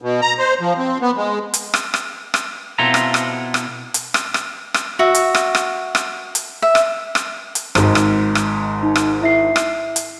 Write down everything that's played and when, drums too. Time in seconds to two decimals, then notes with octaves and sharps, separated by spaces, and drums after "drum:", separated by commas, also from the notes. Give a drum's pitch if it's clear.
0.02 B2
0.22 A#5
0.39 C5
0.61 F3
0.78 C4
1.02 B3
1.17 G#3
1.54 drum: hi-hat
1.74 drum: rim click
1.94 drum: rim click
2.34 drum: rim click
2.78 B2 C4 E4 F4 A4 A#5
2.94 drum: rim click
3.14 drum: rim click
3.54 drum: rim click
3.94 drum: hi-hat
4.14 drum: rim click
4.34 drum: rim click
4.74 drum: rim click
4.99 F#4 E5
5.14 drum: hi-hat
5.35 drum: rim click
5.55 drum: rim click
5.95 drum: rim click
6.35 drum: hi-hat
6.62 E5
6.75 drum: rim click
7.15 drum: rim click
7.55 drum: hi-hat
7.75 G#1 G#2, drum: rim click
7.95 drum: rim click
8.35 drum: rim click
8.83 D#4
8.96 drum: rim click
9.22 E4 E5 C7
9.56 drum: rim click
9.96 drum: hi-hat